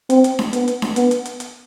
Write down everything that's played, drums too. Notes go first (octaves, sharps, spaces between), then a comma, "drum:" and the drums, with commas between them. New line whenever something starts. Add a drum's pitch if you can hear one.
C4, drum: hi-hat
drum: hi-hat
drum: snare D4
B3, drum: hi-hat
drum: hi-hat
drum: snare D4
B3, drum: hi-hat
drum: hi-hat
drum: hi-hat
drum: hi-hat